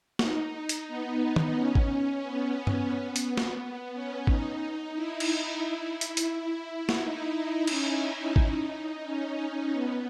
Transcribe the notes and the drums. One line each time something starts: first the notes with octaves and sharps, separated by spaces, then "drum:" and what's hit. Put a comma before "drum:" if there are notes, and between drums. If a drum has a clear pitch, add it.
D#4, drum: snare
drum: hi-hat
B3
drum: tom D#3
C#4
drum: kick
B3
drum: tom G2
B3
drum: hi-hat
drum: snare
B3
C#4
D#4, drum: kick
E4
drum: cymbal
drum: hi-hat
drum: hi-hat
drum: snare
D#4
C#4, drum: cymbal
C#4
D#4, drum: kick
C#4
B3